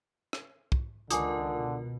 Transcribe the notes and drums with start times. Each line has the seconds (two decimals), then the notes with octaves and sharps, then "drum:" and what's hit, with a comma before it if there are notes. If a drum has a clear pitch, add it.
0.33 drum: rim click
0.72 drum: kick
1.11 C#2 D3 D#3 F4 A#4 G#5 D6 D#6, drum: hi-hat
1.54 B2